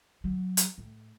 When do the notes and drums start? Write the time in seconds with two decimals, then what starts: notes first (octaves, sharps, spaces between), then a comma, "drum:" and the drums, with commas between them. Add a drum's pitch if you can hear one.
0.24 F#3
0.57 drum: hi-hat
0.78 A2